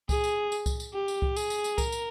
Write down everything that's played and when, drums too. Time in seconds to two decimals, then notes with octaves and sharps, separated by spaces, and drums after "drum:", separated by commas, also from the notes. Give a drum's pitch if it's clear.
0.09 G#4, drum: kick C2, tambourine
0.24 drum: tambourine
0.52 drum: tambourine
0.66 drum: kick C2, tambourine
0.80 drum: tambourine
0.94 G4
1.08 drum: tambourine
1.22 drum: kick C2
1.37 G#4, drum: tambourine
1.50 drum: tambourine
1.64 drum: tambourine
1.78 A#4, drum: kick C2, tambourine
1.92 drum: tambourine